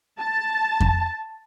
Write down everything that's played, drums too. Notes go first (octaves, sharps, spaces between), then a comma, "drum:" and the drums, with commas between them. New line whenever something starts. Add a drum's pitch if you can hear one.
A5
drum: kick F2